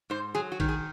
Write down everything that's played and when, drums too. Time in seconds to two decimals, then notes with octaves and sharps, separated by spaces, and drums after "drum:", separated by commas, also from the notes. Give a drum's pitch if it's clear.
0.10 G#2 C5
0.35 F#3 G#4
0.52 F#4
0.60 D#3, drum: kick A1, cymbal
0.69 G#4